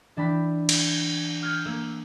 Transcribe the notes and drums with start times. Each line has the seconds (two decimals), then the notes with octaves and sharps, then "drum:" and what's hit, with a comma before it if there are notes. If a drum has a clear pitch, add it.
0.17 E3 D4 G5 B5
0.69 drum: cymbal
1.42 F6 G6 G#6 C#7
1.65 A#3 E6